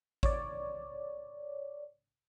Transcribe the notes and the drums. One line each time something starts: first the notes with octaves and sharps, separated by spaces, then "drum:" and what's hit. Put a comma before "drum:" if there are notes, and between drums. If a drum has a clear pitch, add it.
C#5 D5, drum: kick G#1